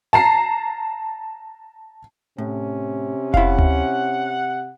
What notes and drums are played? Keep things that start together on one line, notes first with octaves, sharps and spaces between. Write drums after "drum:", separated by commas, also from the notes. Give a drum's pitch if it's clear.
A5 A#5 C7
A2 C3 C#4
E4 F5 F#5, drum: kick F1
drum: tom D2